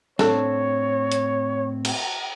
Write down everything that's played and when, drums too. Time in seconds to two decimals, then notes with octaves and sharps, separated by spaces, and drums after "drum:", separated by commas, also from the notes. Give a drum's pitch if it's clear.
0.19 A2 C4 D4 A4 C#5, drum: snare
1.12 drum: hi-hat
1.85 drum: cymbal